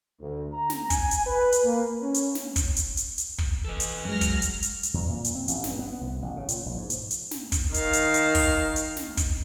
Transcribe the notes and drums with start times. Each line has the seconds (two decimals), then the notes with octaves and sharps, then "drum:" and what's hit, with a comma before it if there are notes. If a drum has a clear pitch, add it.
0.20 D2
0.53 A#5
0.70 drum: snare
0.90 G#5, drum: kick, hi-hat
1.11 drum: hi-hat
1.26 B4
1.52 drum: hi-hat
1.64 A#3
2.00 C#4
2.14 drum: hi-hat
2.35 drum: snare
2.56 drum: kick, hi-hat
2.76 drum: hi-hat
2.97 drum: hi-hat
3.18 drum: hi-hat
3.38 drum: kick
3.65 E3 A4 D#5
3.80 drum: hi-hat
4.05 F#2 F#3 G#3 F6 A#6
4.21 drum: kick, hi-hat
4.42 drum: hi-hat
4.62 drum: hi-hat
4.83 drum: hi-hat
4.94 E2
5.09 A#2
5.24 drum: hi-hat
5.35 C4
5.48 A1, drum: hi-hat
5.64 G2, drum: snare
5.79 B3
6.01 C2
6.22 A1
6.36 C#3
6.49 A#2, drum: hi-hat
6.66 A#1
6.78 G#2
6.90 drum: hi-hat
7.11 drum: hi-hat
7.31 drum: snare
7.52 drum: kick, hi-hat
7.74 D#3 F5, drum: hi-hat
7.93 drum: hi-hat
8.14 drum: hi-hat
8.35 drum: kick, open hi-hat
8.76 drum: hi-hat
8.97 drum: snare
9.17 drum: kick, hi-hat